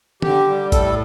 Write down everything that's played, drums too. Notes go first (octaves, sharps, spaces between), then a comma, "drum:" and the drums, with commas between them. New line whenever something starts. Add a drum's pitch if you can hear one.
D3 G4, drum: tom
G3
A2 A4, drum: kick, hi-hat